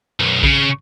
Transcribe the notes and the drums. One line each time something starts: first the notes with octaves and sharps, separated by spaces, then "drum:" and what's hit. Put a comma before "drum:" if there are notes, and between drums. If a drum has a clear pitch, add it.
B1 F#2
C#3, drum: kick A#1